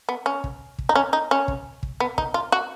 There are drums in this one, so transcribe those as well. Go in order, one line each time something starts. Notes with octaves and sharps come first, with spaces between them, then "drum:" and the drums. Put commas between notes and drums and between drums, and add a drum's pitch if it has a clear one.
B3
C#4
drum: kick
drum: kick
D#4
C#4
D#4
C#4
drum: kick
drum: kick
B3
D#4, drum: kick
F4
F#4